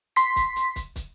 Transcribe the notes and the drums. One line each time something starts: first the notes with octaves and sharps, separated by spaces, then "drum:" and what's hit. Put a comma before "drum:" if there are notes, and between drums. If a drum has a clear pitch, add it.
C6 B6, drum: hi-hat
drum: kick, hi-hat
drum: hi-hat
drum: kick, hi-hat
drum: kick, hi-hat